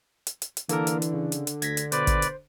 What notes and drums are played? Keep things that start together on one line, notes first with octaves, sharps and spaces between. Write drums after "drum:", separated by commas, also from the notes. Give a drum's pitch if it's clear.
drum: hi-hat
drum: hi-hat
drum: hi-hat
D3 E3 A#3 A4 A#4, drum: hi-hat
drum: hi-hat
drum: hi-hat
C#3
drum: hi-hat
drum: hi-hat
D2 G#6 A#6 B6, drum: hi-hat
drum: hi-hat
B2 B4 C5 D5, drum: hi-hat
drum: kick, hi-hat
drum: hi-hat